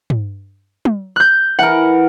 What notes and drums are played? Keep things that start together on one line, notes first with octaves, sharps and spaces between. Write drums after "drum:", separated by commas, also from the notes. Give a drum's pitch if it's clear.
drum: tom
drum: tom
F#6 G6
E3 A#4 F#5